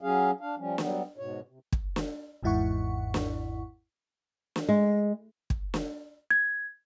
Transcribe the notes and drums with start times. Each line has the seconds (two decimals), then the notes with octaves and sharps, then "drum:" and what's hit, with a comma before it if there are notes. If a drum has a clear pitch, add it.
0.01 F#3 C#4 G#4 F5
0.41 D4 F5
0.58 F3 G3 C#4
0.78 F#3 G3 B3, drum: snare
1.18 G#2 B2 C#5
1.48 C3
1.72 drum: kick
1.96 drum: snare
2.43 G#1 E2 G#2 E4 F#5 C#6
3.14 drum: snare
4.56 drum: snare
4.69 G#3
5.50 drum: kick
5.74 drum: snare
6.31 G#6